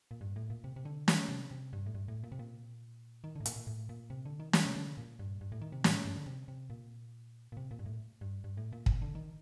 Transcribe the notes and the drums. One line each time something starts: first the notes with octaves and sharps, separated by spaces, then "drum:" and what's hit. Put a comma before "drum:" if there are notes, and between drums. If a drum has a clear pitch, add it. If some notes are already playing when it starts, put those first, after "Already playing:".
A#2
G2
A2
A#2
C3
C3
D3
D#3, drum: snare
C3
C3
G2
A2
G2
A2
A#2
C3
A#2
D#3
D3
A2
A#2, drum: hi-hat
A#2
A2
A#2
C3
D3
D#3
D#3, drum: snare
C3
D3
A#2
G2
G2
A2
D#3
C3
A2, drum: snare
G2
D3
C3
C3
A#2
A#2
C3
A#2
G2
A2
G2
G2
A2
A#2
C3, drum: kick
D3
D#3